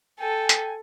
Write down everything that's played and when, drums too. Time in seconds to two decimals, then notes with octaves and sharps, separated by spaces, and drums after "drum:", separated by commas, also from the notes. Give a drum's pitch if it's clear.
0.20 A4 G5 G#5
0.49 drum: hi-hat